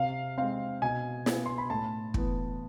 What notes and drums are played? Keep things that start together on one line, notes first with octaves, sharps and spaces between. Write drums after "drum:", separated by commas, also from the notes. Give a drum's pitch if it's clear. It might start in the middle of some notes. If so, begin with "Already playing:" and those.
Already playing: C3 F5
G#3 C4 F5
B2 G#5
B3, drum: snare
C6
B5
A2 A5
E3 B3, drum: kick